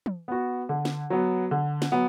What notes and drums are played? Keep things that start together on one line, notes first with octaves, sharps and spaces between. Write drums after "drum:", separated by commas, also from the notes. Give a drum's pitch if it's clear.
drum: tom
B3 F#4
D3
drum: snare
F#3 B3
D3
drum: snare
F#3 B3